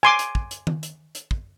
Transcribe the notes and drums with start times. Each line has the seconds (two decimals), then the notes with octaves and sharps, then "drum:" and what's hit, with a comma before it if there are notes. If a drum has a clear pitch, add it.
0.03 G#5 C6 D6
0.19 drum: hi-hat
0.35 drum: kick
0.51 drum: hi-hat
0.67 drum: tom D#3
0.83 drum: hi-hat
1.15 drum: hi-hat
1.31 drum: kick